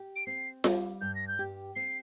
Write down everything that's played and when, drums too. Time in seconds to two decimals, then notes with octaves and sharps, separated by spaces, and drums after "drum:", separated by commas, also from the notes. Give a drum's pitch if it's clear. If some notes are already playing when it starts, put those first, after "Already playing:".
Already playing: G4
0.16 D7
0.27 C4 C7
0.64 G3, drum: snare F4
1.01 G2 G6
1.15 A#6
1.28 G6
1.39 G4
1.76 C4 C7